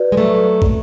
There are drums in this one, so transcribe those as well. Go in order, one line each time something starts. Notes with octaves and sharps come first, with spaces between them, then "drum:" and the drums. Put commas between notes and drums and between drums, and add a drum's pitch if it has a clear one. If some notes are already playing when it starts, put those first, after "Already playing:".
Already playing: F#4 B4 D5
G#3
F#3 A3
drum: kick